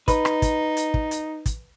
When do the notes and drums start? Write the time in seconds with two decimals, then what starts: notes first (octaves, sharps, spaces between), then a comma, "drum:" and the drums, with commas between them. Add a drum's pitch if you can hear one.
0.08 D#4 B4, drum: kick, hi-hat
0.25 drum: rim click
0.42 drum: kick, hi-hat
0.77 drum: hi-hat
0.94 drum: kick
1.11 drum: hi-hat
1.46 drum: kick, hi-hat